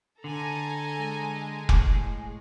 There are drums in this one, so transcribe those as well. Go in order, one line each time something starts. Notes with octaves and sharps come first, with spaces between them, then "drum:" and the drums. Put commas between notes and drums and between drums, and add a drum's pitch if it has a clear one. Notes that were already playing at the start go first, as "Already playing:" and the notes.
D3 A4 G#5 A#5
G#3
A2 G#4, drum: kick F1